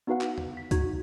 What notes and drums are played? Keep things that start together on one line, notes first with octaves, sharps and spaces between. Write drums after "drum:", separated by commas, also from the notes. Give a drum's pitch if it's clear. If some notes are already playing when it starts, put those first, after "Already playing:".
B3 D#4 F#4 B4 F5 F#5
drum: clap
drum: tom E2
B6
D#4 F#4 G#6, drum: kick C#2, hi-hat